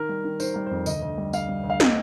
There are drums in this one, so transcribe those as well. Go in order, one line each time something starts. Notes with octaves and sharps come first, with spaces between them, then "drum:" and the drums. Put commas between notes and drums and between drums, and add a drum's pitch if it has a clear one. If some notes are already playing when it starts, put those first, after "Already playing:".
Already playing: D#3 A#4
G3
D#3
D#3 C5, drum: tambourine
G3 A#4
F2 C5
D2 D#5, drum: tambourine
D2
G3
G3 F5, drum: tambourine
G3
D2
F5
D#5, drum: snare